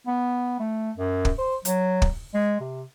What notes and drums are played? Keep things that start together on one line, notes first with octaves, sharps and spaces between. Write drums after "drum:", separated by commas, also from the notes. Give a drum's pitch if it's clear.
B3
A3
F#2
drum: kick
C5
F#3, drum: hi-hat
drum: kick
G#3
C3